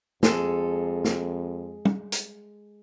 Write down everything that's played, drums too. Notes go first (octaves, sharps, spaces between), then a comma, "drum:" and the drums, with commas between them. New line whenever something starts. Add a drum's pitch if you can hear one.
F2 G#3 A4, drum: snare
drum: snare
drum: tom
drum: hi-hat